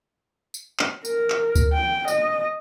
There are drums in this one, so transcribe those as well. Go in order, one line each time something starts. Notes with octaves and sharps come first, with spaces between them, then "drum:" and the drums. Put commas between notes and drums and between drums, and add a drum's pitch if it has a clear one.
drum: tambourine
drum: clap
A#4, drum: tambourine
drum: clap
drum: kick D2, tambourine
G5
D#5, drum: tambourine